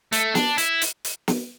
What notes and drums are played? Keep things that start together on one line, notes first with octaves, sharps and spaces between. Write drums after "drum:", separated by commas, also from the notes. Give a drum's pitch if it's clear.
A3, drum: hi-hat
D4, drum: snare
E4, drum: hi-hat
drum: hi-hat
drum: hi-hat
drum: snare